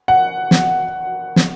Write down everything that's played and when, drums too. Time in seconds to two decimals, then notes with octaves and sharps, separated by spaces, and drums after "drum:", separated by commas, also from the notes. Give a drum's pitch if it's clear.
0.08 F#5
0.51 drum: snare
1.36 drum: snare